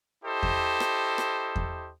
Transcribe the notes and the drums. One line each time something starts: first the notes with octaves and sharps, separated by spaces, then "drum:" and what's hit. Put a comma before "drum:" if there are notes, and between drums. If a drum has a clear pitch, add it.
E4 G4 A4 C5 D#5
drum: kick E2
drum: rim click
drum: rim click
drum: kick E2